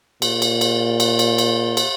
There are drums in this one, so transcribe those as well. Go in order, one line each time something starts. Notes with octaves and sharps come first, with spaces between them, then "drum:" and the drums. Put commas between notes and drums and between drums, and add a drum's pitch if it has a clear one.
A#2, drum: cymbal
drum: cymbal
drum: cymbal
drum: cymbal
drum: cymbal
drum: cymbal
drum: cymbal